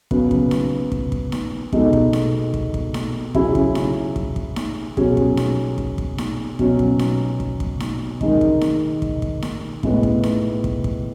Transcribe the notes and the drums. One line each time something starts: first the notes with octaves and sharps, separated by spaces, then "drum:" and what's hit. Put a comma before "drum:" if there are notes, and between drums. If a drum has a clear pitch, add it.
C#3 F#3 B3, drum: kick
drum: kick
drum: snare D#4
drum: kick
drum: kick
drum: snare D#4
B2 G#3 D#4 A4, drum: kick
drum: kick
drum: snare D#4
drum: kick
drum: kick
drum: snare D#4
C#3 F#3 C#4 E4 G#4, drum: kick
drum: kick
drum: snare D#4
drum: kick
drum: kick
drum: snare D#4
B2 F#3 C#4 G#4, drum: kick
drum: kick
drum: snare D#4
drum: kick
drum: kick
drum: snare D#4
B2 F#3 C#4, drum: kick
drum: kick
drum: snare D#4
drum: kick
drum: kick
drum: snare D#4
D#3 G#3 D#4, drum: kick
drum: kick
drum: snare D#4
drum: kick
drum: kick
drum: snare D#4
A2 G#3 B3, drum: kick
drum: kick
drum: snare D#4
drum: kick
drum: kick